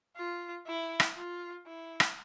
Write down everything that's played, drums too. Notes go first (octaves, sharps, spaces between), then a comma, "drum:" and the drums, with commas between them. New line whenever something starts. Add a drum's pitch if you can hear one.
F4
E4
drum: rim click
F4
E4
drum: rim click